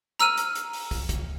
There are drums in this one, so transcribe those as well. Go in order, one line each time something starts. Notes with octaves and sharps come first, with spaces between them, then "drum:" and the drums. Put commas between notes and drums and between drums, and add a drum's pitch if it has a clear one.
A#5 E6 F6 D#7, drum: hi-hat
drum: hi-hat
drum: hi-hat
drum: open hi-hat
drum: kick, open hi-hat
drum: kick, hi-hat